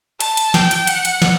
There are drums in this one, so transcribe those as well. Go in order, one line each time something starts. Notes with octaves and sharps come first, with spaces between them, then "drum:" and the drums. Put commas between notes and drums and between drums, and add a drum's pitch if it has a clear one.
A5, drum: hi-hat
drum: hi-hat
G5, drum: snare
drum: hi-hat
F#5, drum: hi-hat
drum: hi-hat
drum: snare